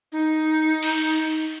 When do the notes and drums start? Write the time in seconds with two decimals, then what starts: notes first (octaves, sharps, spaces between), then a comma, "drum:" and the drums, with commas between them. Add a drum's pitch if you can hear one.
0.12 D#4
0.83 drum: cymbal